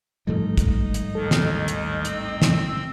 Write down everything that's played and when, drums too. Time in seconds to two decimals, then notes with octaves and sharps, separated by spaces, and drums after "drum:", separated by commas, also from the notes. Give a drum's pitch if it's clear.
0.27 A1 G#2 F3 G3 A3 D#4 A4
0.58 drum: kick, hi-hat
0.94 drum: hi-hat
1.15 D#2 D#3 A4
1.31 drum: snare
1.68 drum: hi-hat
2.05 C4 E6, drum: hi-hat
2.42 drum: snare